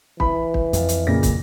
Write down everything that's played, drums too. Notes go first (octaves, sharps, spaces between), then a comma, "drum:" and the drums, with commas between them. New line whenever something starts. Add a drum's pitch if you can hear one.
E3 B5, drum: kick
drum: kick
F2, drum: hi-hat
drum: hi-hat
A#2 C#3 A#6
drum: kick, hi-hat